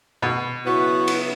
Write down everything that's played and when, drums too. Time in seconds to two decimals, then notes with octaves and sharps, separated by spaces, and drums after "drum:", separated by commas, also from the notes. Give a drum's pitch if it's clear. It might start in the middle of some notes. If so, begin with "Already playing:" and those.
0.22 B2
0.66 C#3 F#3 B3 E4 F#4
1.08 drum: cymbal